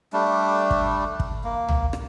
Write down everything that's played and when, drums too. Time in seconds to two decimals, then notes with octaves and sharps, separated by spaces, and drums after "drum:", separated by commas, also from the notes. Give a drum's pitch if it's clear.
0.13 G3 A3 D4
0.71 drum: kick
1.20 drum: kick
1.44 A#3
1.69 drum: tom B1
1.93 drum: rim click